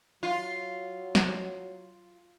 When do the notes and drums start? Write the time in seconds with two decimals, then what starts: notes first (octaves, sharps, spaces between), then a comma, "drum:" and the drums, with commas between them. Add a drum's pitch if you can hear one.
0.23 F#3 F4
1.15 drum: snare